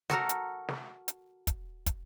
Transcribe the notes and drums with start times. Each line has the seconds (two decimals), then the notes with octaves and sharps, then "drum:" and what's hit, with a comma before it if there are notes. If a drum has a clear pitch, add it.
0.10 F#4 A4 A#4 A#5, drum: snare
0.29 drum: hi-hat
0.68 drum: snare
1.08 drum: hi-hat
1.47 drum: kick, hi-hat
1.86 drum: kick, hi-hat